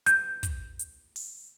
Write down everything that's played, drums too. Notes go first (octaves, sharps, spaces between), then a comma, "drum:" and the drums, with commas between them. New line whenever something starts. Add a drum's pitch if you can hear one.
G6, drum: hi-hat
drum: kick, hi-hat
drum: hi-hat
drum: open hi-hat